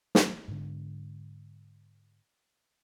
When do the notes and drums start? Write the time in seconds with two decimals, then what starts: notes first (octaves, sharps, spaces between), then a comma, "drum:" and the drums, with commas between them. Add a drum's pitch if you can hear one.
0.15 drum: snare
0.48 G#2 D3